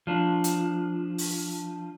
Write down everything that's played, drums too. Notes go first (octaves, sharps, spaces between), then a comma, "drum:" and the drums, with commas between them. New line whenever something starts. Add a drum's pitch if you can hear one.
F3 D4
drum: hi-hat
drum: open hi-hat